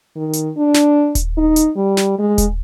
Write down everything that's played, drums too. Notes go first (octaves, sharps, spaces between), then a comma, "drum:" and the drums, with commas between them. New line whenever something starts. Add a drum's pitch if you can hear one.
D#3
drum: hi-hat
D4
drum: snare
drum: kick D#1, hi-hat
D#4
drum: hi-hat
G3
drum: snare
G#3
drum: kick D#1, hi-hat